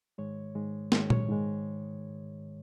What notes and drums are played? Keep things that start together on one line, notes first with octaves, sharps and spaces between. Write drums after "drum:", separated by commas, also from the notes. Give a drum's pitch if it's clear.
G#2 D#3 G#3 C#5
G#2 D#3 G#3
G#2 D#3 G#3 C#5, drum: snare
C#5, drum: tom A#2
G#2 D#3 G#3